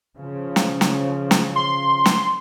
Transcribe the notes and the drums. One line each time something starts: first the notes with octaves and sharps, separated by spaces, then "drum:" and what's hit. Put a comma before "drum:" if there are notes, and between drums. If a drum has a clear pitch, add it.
C#3 F3
drum: snare
drum: snare
drum: snare
C6
drum: snare